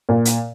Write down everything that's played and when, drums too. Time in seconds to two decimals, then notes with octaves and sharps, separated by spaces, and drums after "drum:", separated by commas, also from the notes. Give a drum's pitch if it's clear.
0.09 A#2
0.25 drum: hi-hat